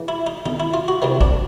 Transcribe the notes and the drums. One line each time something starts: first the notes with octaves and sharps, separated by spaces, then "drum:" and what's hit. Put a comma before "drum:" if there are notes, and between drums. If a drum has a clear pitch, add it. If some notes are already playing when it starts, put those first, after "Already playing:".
Already playing: C#3 E3
E4
D#4
D#4, drum: tom D#3
E4
F4
F#4
C2 C3 D#3
D4, drum: kick